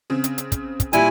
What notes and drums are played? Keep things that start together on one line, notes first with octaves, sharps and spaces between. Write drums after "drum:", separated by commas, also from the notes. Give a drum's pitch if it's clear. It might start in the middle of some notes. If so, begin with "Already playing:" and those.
C#3 C4
drum: hi-hat
drum: hi-hat
drum: kick, hi-hat
drum: kick, hi-hat
A#2 G3 E4 G#5, drum: hi-hat